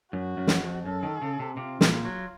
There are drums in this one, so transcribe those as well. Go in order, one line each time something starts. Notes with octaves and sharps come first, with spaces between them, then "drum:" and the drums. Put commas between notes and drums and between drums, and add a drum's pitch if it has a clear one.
F#2 F#4
F#2
drum: snare
F2
F#2 A4
D#3
C#3
C3
C3 F4
A#2, drum: snare
F4
F#3